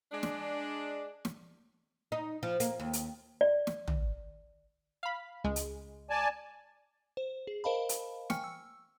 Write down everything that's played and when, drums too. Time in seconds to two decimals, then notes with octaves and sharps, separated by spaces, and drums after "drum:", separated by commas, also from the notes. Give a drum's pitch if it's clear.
0.12 G#3 D4
0.23 drum: snare
1.25 drum: snare
2.12 D#4
2.43 F3
2.60 A#3, drum: hi-hat
2.80 D#2
2.93 drum: hi-hat
3.41 D5
3.67 drum: snare
3.88 drum: tom
5.03 F5 B5
5.44 C#2 G#3
5.56 drum: hi-hat
6.10 D5 G#5 A5
7.17 C5
7.47 G#4
7.64 A#4 C5 D#5 F5 A5 B5
7.89 drum: hi-hat
8.30 G5 G#5 C#6 F6 C#7, drum: snare
8.44 E6